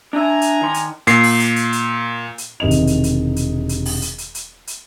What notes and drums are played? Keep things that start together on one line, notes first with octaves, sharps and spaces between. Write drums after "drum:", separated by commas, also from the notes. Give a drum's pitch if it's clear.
D4 E5 G#5 A#5
drum: hi-hat
D#3 C6
drum: hi-hat
A#2 C7, drum: hi-hat
drum: open hi-hat
drum: hi-hat
drum: hi-hat
drum: hi-hat
drum: hi-hat
E1 C3 D#3 D#5 F7
drum: hi-hat
drum: hi-hat
drum: hi-hat
drum: hi-hat
drum: hi-hat
drum: open hi-hat
drum: hi-hat
drum: hi-hat
drum: hi-hat
drum: hi-hat